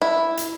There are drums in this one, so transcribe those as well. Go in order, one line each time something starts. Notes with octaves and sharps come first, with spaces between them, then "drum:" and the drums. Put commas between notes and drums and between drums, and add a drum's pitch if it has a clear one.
E4
drum: hi-hat